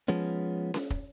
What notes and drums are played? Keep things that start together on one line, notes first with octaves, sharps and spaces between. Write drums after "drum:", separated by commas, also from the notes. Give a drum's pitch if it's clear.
F3 G#3 B3 C#4
drum: snare C#4
drum: kick